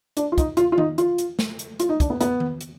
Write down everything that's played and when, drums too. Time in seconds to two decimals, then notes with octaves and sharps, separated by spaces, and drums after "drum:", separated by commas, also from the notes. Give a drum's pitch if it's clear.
0.17 D4, drum: hi-hat
0.32 F4
0.38 D#4, drum: kick, hi-hat
0.57 F4, drum: hi-hat
0.72 F4
0.78 D#4, drum: tom D#3
0.98 F4, drum: hi-hat
1.18 drum: hi-hat
1.39 drum: snare
1.59 drum: hi-hat
1.80 F4, drum: hi-hat
1.89 D#4
2.00 D4, drum: kick, hi-hat
2.10 B3
2.21 B3, drum: hi-hat
2.40 drum: tom D#3
2.61 drum: hi-hat